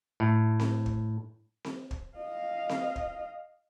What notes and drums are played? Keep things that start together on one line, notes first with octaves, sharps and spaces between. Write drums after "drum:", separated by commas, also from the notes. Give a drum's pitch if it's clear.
A2
drum: snare C4
drum: kick
drum: snare C4
drum: kick
D#5 F5
drum: snare C4
drum: kick